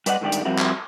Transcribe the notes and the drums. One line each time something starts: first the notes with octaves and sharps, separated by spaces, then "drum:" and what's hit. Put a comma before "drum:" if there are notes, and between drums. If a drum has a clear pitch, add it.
G3 B4 D5 D#5 F#5, drum: hi-hat
G#2 D3 D#3 G3 G4 D5
drum: hi-hat
F3 G3 C4 E4 F#4 A#4
drum: clap